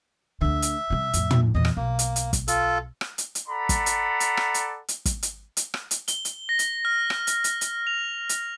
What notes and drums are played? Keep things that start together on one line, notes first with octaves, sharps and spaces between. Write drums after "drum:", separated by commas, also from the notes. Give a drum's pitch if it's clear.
D2 D3 E5
drum: hi-hat
C3 G3
F2 A2, drum: hi-hat
drum: tom
E2 A#2 D#5
drum: rim click
B1 A#3
drum: hi-hat
drum: hi-hat
drum: kick, hi-hat
F4 A4, drum: hi-hat
drum: rim click
drum: hi-hat
drum: hi-hat
A4 D5 F#5 A#5 B5
drum: kick, hi-hat
drum: hi-hat
drum: hi-hat
drum: rim click
drum: hi-hat
drum: hi-hat
drum: kick, hi-hat
drum: hi-hat
drum: hi-hat
drum: rim click
drum: hi-hat
G7, drum: hi-hat
drum: hi-hat
A#6
drum: hi-hat
F6
drum: rim click
drum: hi-hat
drum: hi-hat
drum: hi-hat
F7
drum: hi-hat